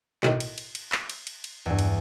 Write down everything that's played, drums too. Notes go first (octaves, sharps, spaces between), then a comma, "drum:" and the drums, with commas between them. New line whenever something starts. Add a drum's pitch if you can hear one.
B1 A2 D#3, drum: clap
drum: cymbal
drum: cymbal
drum: cymbal
drum: clap
drum: cymbal
drum: cymbal
drum: cymbal
E2 G2
drum: cymbal